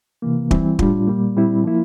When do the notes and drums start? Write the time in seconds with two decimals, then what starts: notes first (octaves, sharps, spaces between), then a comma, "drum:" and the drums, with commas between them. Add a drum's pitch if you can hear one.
0.22 C3 E3 A#3
0.51 E3 G3 C4 E4, drum: kick
0.79 A2 G3 D4 F4, drum: kick
1.07 A#2 G3 A#3
1.36 A#2 G3 C4 E4
1.64 F3 A#3 E4